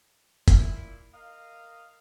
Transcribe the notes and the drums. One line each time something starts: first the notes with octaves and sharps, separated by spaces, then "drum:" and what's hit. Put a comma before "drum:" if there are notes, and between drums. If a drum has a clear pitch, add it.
A#2 E4, drum: kick F1, hi-hat
A#4 D#5 F5